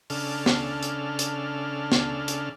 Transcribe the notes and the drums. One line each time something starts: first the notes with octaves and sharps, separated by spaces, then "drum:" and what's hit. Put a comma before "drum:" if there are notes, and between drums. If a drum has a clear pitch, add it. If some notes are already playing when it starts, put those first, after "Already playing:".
C#3 D4 A4 F6, drum: open hi-hat
drum: snare
drum: hi-hat
drum: hi-hat
drum: snare
drum: hi-hat